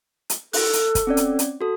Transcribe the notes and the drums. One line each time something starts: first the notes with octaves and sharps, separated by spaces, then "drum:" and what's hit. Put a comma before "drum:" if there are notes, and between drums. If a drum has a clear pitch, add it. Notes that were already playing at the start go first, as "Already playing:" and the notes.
drum: hi-hat
A4 F#6, drum: open hi-hat
drum: hi-hat
drum: kick, hi-hat
C4 C#4 D5
drum: hi-hat
drum: hi-hat
F#4 A4